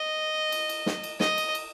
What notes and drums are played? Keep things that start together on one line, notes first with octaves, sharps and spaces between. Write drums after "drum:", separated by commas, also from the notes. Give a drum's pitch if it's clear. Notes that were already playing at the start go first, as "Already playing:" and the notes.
Already playing: D#5
drum: cymbal
drum: cymbal
drum: snare
drum: cymbal
D#5, drum: snare
drum: cymbal
drum: cymbal